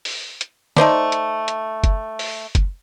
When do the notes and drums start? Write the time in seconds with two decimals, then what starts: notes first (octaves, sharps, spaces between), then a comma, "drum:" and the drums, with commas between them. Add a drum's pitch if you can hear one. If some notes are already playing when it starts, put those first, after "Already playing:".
0.05 drum: open hi-hat
0.41 drum: hi-hat
0.77 A3 D#4 C5 D5, drum: snare
1.12 drum: hi-hat
1.48 drum: hi-hat
1.84 drum: kick F#1, hi-hat
2.19 drum: open hi-hat
2.55 drum: kick F#1, hi-hat